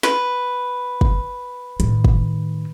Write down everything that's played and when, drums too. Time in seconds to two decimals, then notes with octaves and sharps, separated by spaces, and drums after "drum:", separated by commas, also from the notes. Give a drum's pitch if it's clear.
0.03 B4, drum: snare
1.01 drum: kick
1.80 A2 D#3, drum: hi-hat
2.05 drum: kick